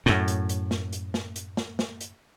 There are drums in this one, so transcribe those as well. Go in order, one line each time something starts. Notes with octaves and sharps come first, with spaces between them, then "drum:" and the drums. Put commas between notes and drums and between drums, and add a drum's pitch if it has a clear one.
F#2 A2, drum: snare
drum: hi-hat
drum: hi-hat
drum: snare
drum: hi-hat
drum: snare
drum: hi-hat
drum: snare
drum: snare
drum: hi-hat